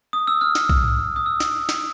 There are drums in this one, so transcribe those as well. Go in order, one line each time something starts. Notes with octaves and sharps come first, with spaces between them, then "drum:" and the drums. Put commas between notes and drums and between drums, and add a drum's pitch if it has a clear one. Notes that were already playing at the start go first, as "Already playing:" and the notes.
D#6
E6
F6
drum: snare
drum: kick B1
drum: tom G#2
D#6
E6
drum: snare
drum: snare